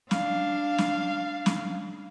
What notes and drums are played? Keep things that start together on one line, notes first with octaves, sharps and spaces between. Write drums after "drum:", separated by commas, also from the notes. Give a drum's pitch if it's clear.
D4 F5, drum: snare
drum: snare
drum: snare